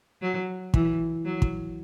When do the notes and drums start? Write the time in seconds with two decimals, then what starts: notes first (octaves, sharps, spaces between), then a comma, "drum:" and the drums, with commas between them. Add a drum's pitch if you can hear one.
0.22 F#3
0.74 E3, drum: kick
1.25 F#3
1.42 drum: kick